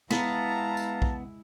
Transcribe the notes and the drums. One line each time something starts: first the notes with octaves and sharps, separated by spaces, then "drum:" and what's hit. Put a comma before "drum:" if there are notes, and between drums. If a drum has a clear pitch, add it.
G#3 B3 E4 B4 F5 A5 A#5, drum: snare
drum: tambourine
drum: kick